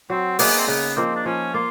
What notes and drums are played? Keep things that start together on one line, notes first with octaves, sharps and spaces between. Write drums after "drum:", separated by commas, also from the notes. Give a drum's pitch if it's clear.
F#3 C4
A#3 B3 D#4 G#4, drum: open hi-hat
C4
C#3 B3
F3 A#3 C4 D#4
D4
F3 C#4
A#3 F4